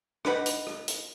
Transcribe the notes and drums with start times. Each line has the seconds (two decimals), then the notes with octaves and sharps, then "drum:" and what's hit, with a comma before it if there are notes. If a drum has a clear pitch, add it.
0.25 D4 D#4 B4 F#5, drum: rim click
0.46 drum: hi-hat
0.67 drum: rim click
0.88 drum: hi-hat